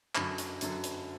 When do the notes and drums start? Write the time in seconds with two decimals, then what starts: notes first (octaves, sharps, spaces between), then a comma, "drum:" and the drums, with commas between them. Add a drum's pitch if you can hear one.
0.15 F#2 D3 F#3 B5, drum: clap
0.38 drum: hi-hat
0.61 F#2 D3 F#3, drum: hi-hat
0.84 drum: hi-hat